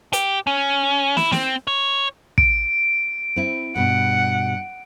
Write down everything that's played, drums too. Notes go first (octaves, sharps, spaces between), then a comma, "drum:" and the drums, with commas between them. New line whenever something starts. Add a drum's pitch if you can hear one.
G4, drum: hi-hat
C#4
E4, drum: snare
C4, drum: snare
C#5
D7, drum: kick
C4 E4
G2 B2 F#5